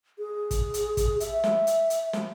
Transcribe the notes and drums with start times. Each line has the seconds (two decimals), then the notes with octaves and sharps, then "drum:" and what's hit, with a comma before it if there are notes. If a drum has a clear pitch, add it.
0.19 G#4
0.51 drum: kick, hi-hat
0.74 drum: hi-hat
0.97 drum: kick, hi-hat
1.20 E5, drum: hi-hat
1.44 drum: snare
1.67 drum: hi-hat
1.90 drum: hi-hat
2.13 drum: snare